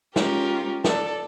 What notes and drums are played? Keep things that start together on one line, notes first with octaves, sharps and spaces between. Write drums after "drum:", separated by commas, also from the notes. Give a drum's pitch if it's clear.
G#3 C#4 F4 G4 A#4, drum: snare
A4 D5, drum: snare